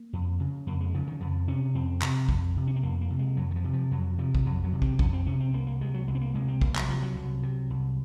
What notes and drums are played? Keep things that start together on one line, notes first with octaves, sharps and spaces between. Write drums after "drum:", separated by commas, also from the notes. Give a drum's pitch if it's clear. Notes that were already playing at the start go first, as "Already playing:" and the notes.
Already playing: A#3
F2
C#3
F2 A#3
G#3
C#3 F3
D#3
F2 F3
C3 C#4
F2 C4
C3, drum: clap
F2, drum: kick
C3
C#4
C4
F2 A#3
A#3
C3
G#3
F2 F#3
D#3
F3
C3
F3
F2 F#3
C3 F3
F3, drum: kick
F2 F#3
F#3
C3
C4, drum: kick
F2 C#4, drum: kick
C4
C3 C#4
C4
C2 A#3
A#3
C3 G#3
F#3
C2 G#3
C4
A#3
C3 G#3
C4
C2 A#3, drum: kick
F#3, drum: clap
C3 F3
F#3
C2
C3
C2